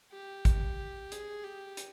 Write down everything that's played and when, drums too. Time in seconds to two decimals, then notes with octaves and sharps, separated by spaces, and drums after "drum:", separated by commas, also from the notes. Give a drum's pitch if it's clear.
0.12 G4
0.45 drum: kick A1, hi-hat
1.12 G#4, drum: hi-hat
1.44 G4
1.77 drum: hi-hat